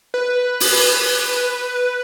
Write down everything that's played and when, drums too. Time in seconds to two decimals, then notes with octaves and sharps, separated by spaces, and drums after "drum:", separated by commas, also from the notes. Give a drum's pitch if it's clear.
0.14 B4
0.60 drum: open hi-hat